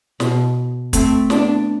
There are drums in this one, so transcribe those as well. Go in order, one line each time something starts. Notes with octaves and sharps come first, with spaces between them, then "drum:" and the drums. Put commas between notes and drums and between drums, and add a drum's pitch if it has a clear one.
B2, drum: snare
A3 C4, drum: kick, hi-hat
B3 D4, drum: snare